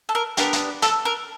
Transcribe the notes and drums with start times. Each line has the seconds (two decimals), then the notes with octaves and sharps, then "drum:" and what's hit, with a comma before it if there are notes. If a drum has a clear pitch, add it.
0.09 A4
0.15 A#4
0.37 B3 D4 G4 A#4, drum: hi-hat
0.53 drum: hi-hat
0.82 A4, drum: hi-hat
1.05 A#4